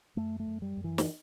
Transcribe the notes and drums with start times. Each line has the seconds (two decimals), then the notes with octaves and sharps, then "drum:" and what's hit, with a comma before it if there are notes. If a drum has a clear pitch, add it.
0.16 F#2 A3
0.40 A3
0.47 F#2
0.62 G3
0.77 F#2
0.84 E3
0.98 drum: snare